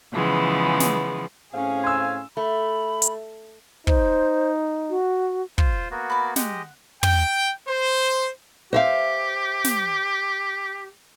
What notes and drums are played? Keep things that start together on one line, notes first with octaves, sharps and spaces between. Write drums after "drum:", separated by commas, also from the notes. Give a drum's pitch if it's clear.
C#3 E3 F3 G#3 B3
drum: snare
A2 C4 C#4 G#4 F5
G#5 C6 E6
A3 B5
drum: hi-hat
D#4 C5, drum: kick
F#4
F4 C5, drum: kick
A#3 B3 F#4
D5 B5
G#3 G4 D#5 F#5, drum: snare
G5, drum: tom
C5
G4 C5 E5 F5
drum: snare